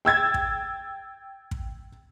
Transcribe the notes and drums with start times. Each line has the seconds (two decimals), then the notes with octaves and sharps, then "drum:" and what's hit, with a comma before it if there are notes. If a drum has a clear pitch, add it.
0.05 G5 E6 G#6 A6
0.34 drum: kick
1.51 drum: kick